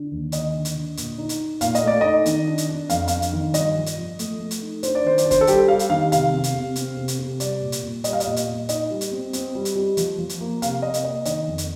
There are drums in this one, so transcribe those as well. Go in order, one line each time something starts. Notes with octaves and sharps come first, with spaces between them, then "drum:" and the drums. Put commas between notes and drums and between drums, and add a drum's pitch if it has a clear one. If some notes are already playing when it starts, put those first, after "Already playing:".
Already playing: D3
D#2
D#2 D#5, drum: hi-hat
D3
drum: hi-hat
D3
A#2, drum: hi-hat
D#4
drum: hi-hat
D#4
A#2 F5, drum: hi-hat
D#5, drum: hi-hat
A3 D5
D#4 D#5
D#3, drum: hi-hat
D4
drum: hi-hat
D4
F2 F5, drum: hi-hat
D4 F5, drum: hi-hat
drum: hi-hat
D#3
G2 D#5, drum: hi-hat
F3
drum: hi-hat
F3
A3, drum: hi-hat
A3
drum: hi-hat
D#4
D4 C5, drum: hi-hat
D5
D#3 C5
D5, drum: hi-hat
D4
C5, drum: kick, hi-hat
A4
G3 G4, drum: hi-hat
G3 F5
drum: hi-hat
D#3 F5
C3 F5, drum: hi-hat
C3
drum: hi-hat
C3
C4, drum: hi-hat
C3
drum: hi-hat
C3
G3 D5, drum: hi-hat
A#2
drum: hi-hat
A#2
G3 D#5, drum: hi-hat
F5
D#5, drum: hi-hat
A#2
drum: hi-hat
A#2
D#4 D#5, drum: hi-hat
G3
drum: hi-hat
C4
C4, drum: hi-hat
G3
drum: hi-hat
G3
F3, drum: hi-hat
F3
drum: hi-hat
A#3
C3 F5, drum: hi-hat
C3 D#5
drum: hi-hat
A#3 D#5
D#3 D#5, drum: hi-hat
F2
drum: hi-hat